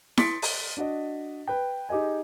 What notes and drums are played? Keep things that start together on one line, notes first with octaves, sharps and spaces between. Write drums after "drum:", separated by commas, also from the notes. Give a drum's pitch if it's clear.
C6 D#6 A6 B6 C#7 D7, drum: snare E4
drum: open hi-hat
D4 F#4 D#5
B4 G5
D#4 G4 G#4 D#5 G#5